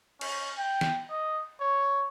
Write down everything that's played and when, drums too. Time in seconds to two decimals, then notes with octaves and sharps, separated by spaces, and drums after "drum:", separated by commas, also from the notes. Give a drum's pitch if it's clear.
0.21 C#4, drum: cymbal
0.57 G5
0.81 drum: snare
1.10 D#5
1.60 C#5